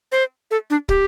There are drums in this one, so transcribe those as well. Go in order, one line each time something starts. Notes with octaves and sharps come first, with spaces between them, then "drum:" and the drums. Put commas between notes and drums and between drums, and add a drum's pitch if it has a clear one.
C5
A4
D4
G4, drum: kick